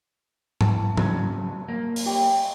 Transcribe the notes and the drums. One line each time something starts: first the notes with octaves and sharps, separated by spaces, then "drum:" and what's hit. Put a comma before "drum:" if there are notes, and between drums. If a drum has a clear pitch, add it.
A5, drum: tom G#2
C#3 F#3, drum: tom G#2
A#3
drum: open hi-hat
G4 C#5 G5